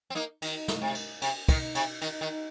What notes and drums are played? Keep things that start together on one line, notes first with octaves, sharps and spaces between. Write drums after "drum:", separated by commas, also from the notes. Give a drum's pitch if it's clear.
C4
A#3 D#4
D#3, drum: cymbal
drum: snare
C3
drum: cymbal
C3, drum: cymbal
D#3, drum: kick, cymbal
C3, drum: cymbal
D#3, drum: cymbal
D#3